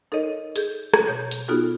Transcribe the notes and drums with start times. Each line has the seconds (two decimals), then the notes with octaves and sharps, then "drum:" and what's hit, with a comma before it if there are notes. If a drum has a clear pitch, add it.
0.12 D#4 A4 A#4 C#5 D#5
0.56 G#4 A4 G6, drum: hi-hat
0.94 drum: rim click
1.07 B2 C#5 G6
1.31 drum: hi-hat
1.48 B3 D#4 F4 F#4 G#4 A4